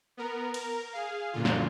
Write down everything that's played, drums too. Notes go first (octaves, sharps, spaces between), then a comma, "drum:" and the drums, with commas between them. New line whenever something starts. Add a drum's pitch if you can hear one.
B3 A#4
A#4, drum: cymbal
G#4 F5
F#2 A#2 D3 F4
drum: snare